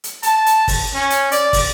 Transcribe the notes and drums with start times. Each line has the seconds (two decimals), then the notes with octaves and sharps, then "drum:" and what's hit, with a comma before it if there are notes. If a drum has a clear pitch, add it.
0.04 drum: hi-hat
0.23 A5, drum: hi-hat
0.46 drum: hi-hat
0.68 drum: kick, open hi-hat
0.94 C#4
1.10 drum: hi-hat
1.32 D5, drum: hi-hat
1.53 drum: kick, open hi-hat